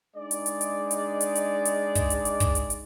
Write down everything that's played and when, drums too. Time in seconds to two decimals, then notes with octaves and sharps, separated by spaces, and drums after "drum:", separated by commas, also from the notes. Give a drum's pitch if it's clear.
0.16 G#3 D4 D#4 D5
0.31 drum: hi-hat
0.46 drum: hi-hat
0.61 drum: hi-hat
0.91 drum: hi-hat
1.21 drum: hi-hat
1.36 drum: hi-hat
1.66 drum: hi-hat
1.95 drum: kick, hi-hat
2.10 drum: hi-hat
2.25 drum: hi-hat
2.40 drum: kick, hi-hat
2.55 drum: hi-hat
2.70 drum: hi-hat